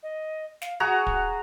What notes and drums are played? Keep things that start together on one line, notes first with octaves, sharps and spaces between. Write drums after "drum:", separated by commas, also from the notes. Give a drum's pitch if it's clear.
D#5
F5, drum: snare
F#4 G#4 F#5 A#5
drum: kick